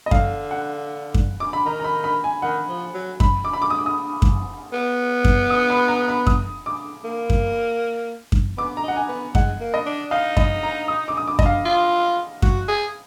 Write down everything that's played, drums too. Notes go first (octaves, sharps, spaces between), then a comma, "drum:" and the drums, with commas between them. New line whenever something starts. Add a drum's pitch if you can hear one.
D#5
D3 F5, drum: kick F#2
F#5
drum: kick F#2
D6
B5
D#3 A#5
A#5
B5
B5
G#5
D#3 F#5
F3
F#3
B5, drum: kick F#2
D6
B5
D6
D#6
D6
D#6
drum: kick F#2
B3
drum: kick F#2
D#6
B5
A#5
B5
D#6, drum: kick F#2
D6
A#3
drum: kick F#2
drum: kick F#2
B3 D6
A#5
D#4 F#5
G#5
B3
G#3 F#5, drum: kick F#2
A#3
D#5
D4
D#4 F5
D#5, drum: kick F#2
A#5
D#6
D6
D#6
D6
D#5, drum: kick F#2
F5
F4
F#4, drum: kick F#2
G#4